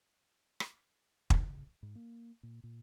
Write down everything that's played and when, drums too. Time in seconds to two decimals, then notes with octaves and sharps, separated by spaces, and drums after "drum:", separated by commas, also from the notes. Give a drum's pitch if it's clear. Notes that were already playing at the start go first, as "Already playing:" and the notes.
0.60 drum: rim click
1.30 C#3, drum: kick
1.83 G#2
1.95 A#3
2.43 A#2
2.64 A#2